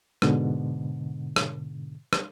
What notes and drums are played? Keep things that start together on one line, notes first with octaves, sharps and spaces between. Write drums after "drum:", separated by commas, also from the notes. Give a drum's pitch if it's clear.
G#2 B2 D3, drum: rim click
drum: rim click
drum: rim click